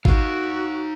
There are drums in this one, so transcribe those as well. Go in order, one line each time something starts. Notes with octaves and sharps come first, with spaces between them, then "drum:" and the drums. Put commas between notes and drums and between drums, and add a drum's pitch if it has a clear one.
D#4 F#4 F5, drum: kick G#1